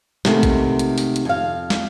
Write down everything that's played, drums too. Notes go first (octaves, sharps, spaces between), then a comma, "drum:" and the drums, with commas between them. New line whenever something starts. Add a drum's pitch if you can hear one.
C3 D#3 G#3 A3 B3, drum: snare
drum: kick A#1, hi-hat
drum: hi-hat
drum: open hi-hat
drum: hi-hat
F2 F5
drum: snare